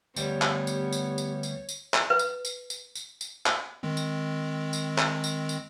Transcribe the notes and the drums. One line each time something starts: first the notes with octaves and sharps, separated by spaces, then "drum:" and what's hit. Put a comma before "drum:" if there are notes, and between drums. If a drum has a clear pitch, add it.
D2 G3 B3 G4 C#5, drum: tambourine
drum: clap
drum: tambourine
drum: tambourine
drum: tambourine
drum: tambourine
drum: tambourine
drum: clap
B4
drum: tambourine
drum: tambourine
drum: tambourine
drum: tambourine
drum: tambourine
drum: clap
D#3 G#3 C4
drum: tambourine
drum: tambourine
drum: clap
drum: tambourine
drum: tambourine